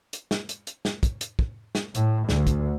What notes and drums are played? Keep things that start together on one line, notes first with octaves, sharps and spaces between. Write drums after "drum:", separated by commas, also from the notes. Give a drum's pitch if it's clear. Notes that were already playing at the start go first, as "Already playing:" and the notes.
drum: hi-hat
drum: snare
drum: hi-hat
drum: hi-hat
drum: snare
drum: kick, hi-hat
drum: hi-hat
drum: kick
drum: snare
A2, drum: hi-hat
D2, drum: snare
drum: kick, hi-hat